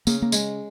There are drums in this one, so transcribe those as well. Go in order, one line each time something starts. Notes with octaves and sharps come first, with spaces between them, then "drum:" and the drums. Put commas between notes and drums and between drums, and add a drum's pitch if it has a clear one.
C#3 A#3, drum: tambourine
A#3
G#3, drum: tambourine